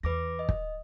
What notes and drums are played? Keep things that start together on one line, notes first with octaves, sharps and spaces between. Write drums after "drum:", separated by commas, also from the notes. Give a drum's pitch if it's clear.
E2 B4 D6 A#6
D#5
drum: kick